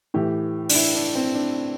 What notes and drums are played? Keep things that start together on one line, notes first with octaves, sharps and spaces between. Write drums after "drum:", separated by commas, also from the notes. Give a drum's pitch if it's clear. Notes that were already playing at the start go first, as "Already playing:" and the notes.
A2 E3 G4
D4, drum: open hi-hat
E4
D4
C4
D4